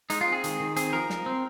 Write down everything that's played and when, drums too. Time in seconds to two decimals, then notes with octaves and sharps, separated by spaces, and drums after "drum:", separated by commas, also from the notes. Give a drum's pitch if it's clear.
0.10 G#3 D#4, drum: hi-hat
0.21 F4
0.27 C4
0.32 G#4
0.44 D#3, drum: hi-hat
0.60 D#3
0.76 C4 G#4, drum: hi-hat
0.93 F3 A#4
1.10 F3, drum: snare
1.26 C4